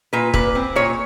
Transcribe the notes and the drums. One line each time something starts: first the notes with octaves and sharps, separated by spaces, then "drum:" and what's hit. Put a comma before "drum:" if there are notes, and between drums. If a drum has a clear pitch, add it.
A#2 B4
A#2 B4, drum: kick
C4
A#2 C#5